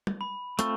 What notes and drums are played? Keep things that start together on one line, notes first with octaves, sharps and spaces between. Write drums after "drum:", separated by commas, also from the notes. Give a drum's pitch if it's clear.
drum: tom G3
B5
A3 C4 F4 A4 C#6, drum: hi-hat